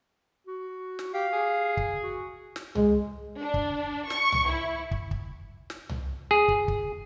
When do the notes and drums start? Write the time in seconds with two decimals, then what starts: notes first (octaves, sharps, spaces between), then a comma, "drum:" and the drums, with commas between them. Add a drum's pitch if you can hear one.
0.47 F#4
0.99 drum: snare
1.14 G4 F5
1.33 G#4
1.77 drum: kick
2.03 F#4
2.56 drum: snare
2.75 G#3, drum: tom C2
3.39 D4
3.54 drum: kick
4.10 C#6, drum: snare
4.32 drum: tom C2
4.50 E4
4.91 drum: kick
5.11 drum: kick
5.70 drum: snare
5.89 drum: tom C2
6.31 G#4
6.48 drum: kick
6.68 drum: kick